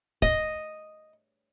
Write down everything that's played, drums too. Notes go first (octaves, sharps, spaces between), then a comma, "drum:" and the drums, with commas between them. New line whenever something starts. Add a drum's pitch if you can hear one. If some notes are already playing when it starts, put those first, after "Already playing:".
D#5, drum: kick